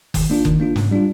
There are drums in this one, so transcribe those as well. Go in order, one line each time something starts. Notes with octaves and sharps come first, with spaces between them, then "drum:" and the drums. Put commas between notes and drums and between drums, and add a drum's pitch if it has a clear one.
D#3, drum: kick F#1, open hi-hat
A#3 D4 F4
D#3, drum: kick F#1
A#3 D4 F4
G#2, drum: snare
G3 D4 F4